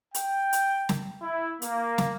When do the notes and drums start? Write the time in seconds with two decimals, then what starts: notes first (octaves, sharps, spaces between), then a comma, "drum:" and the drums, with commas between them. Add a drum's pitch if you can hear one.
0.15 G5, drum: hi-hat
0.53 drum: hi-hat
0.89 drum: snare
1.22 E4
1.62 A#3, drum: hi-hat
1.98 drum: snare